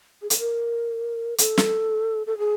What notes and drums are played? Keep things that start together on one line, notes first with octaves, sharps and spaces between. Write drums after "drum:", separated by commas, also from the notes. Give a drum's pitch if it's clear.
G#4
A4, drum: hi-hat
A#4
A4, drum: hi-hat
drum: snare
A4
G#4